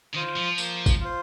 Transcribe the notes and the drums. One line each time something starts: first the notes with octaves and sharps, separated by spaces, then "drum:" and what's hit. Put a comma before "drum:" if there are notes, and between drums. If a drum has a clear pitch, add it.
D#3 F4 C5
F3
A#3, drum: tambourine
drum: kick, tambourine
F4 C5